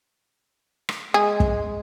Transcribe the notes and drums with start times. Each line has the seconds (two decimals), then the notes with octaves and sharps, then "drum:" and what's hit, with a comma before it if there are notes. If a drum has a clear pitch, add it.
0.89 drum: rim click
1.14 G#3 G#4
1.40 drum: kick